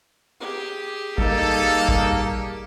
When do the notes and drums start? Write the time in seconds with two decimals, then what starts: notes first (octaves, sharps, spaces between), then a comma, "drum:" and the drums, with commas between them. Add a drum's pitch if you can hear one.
0.40 G4 G#4
1.18 G3 A#3 D#4 A4, drum: kick
1.89 drum: kick